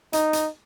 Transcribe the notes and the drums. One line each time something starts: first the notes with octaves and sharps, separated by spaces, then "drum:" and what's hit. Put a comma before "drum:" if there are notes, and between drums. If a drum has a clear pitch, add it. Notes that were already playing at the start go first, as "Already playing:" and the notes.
D#4, drum: hi-hat
drum: hi-hat